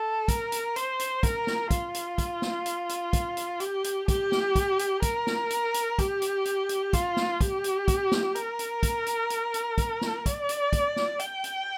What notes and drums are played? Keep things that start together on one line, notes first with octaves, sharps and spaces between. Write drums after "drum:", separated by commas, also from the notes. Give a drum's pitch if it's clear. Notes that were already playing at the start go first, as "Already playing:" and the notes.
Already playing: A4
A#4, drum: kick, hi-hat
drum: hi-hat
C5, drum: hi-hat
drum: hi-hat
A#4, drum: kick, hi-hat
drum: snare
F4, drum: kick, hi-hat
drum: hi-hat
drum: kick, hi-hat
drum: snare
drum: hi-hat
drum: hi-hat
drum: kick, hi-hat
drum: hi-hat
G4, drum: hi-hat
drum: hi-hat
G4, drum: kick, hi-hat
drum: snare
drum: kick, hi-hat
drum: hi-hat
A#4, drum: kick, hi-hat
drum: snare
drum: hi-hat
drum: hi-hat
G4, drum: kick, hi-hat
drum: hi-hat
drum: hi-hat
drum: hi-hat
F4, drum: kick, hi-hat
drum: snare
G4, drum: kick, hi-hat
drum: hi-hat
drum: kick, hi-hat
drum: snare
A#4, drum: hi-hat
drum: hi-hat
drum: kick, hi-hat
drum: hi-hat
drum: hi-hat
drum: hi-hat
drum: kick, hi-hat
drum: snare
D5, drum: kick, hi-hat
drum: hi-hat
drum: kick, hi-hat
drum: snare
G5, drum: hi-hat
drum: hi-hat